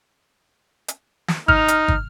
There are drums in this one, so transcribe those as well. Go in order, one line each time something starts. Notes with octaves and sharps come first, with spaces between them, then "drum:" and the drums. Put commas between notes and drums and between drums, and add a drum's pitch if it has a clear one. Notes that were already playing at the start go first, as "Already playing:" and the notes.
drum: hi-hat
drum: snare
D#4 F6, drum: kick
drum: hi-hat
drum: kick